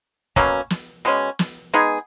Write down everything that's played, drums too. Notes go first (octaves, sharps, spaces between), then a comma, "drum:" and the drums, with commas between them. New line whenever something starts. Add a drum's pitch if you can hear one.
B2 F#3 A#3 C#4, drum: kick
drum: snare
B2 G#3 C#4
drum: snare
G#3 B3 D#4 G#4